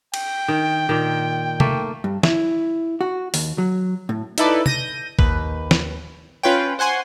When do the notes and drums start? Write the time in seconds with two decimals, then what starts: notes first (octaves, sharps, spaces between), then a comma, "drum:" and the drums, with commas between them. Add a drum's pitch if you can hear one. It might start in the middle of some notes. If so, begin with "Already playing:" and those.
0.14 G5, drum: cymbal
0.48 D#3
0.89 A#2 D#3
1.60 A3 A#3 A4, drum: tom C3
2.04 G2
2.23 E4, drum: snare
3.01 F#4
3.34 D#2, drum: open hi-hat
3.58 F#3
4.09 A2
4.38 D#4 E4 A4 B4 D5, drum: hi-hat
4.66 G6 A#6 D#7, drum: tom C3
5.19 D#2 B4, drum: kick A1
5.71 drum: snare
6.43 C#4 F4 B4 C#5 G5
6.79 C5 F#5 G#5 C6 C#6